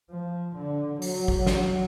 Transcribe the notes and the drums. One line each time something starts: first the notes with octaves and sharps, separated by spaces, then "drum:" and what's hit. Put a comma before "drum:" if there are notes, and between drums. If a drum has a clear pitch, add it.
F3
D3
F#3, drum: open hi-hat
drum: kick
drum: snare